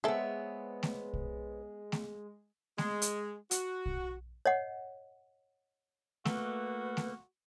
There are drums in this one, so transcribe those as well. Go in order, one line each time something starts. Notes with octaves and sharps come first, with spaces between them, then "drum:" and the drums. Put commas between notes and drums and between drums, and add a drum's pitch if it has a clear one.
G#3 B3 C4 G#4 A4 B4 C#5 E5
drum: snare A3
drum: kick
drum: snare A3
G#3, drum: snare A3
drum: hi-hat
F#4, drum: hi-hat
drum: kick
C#5 D#5 F#5
A3 A#3 F#4 B4, drum: snare A3
drum: snare A3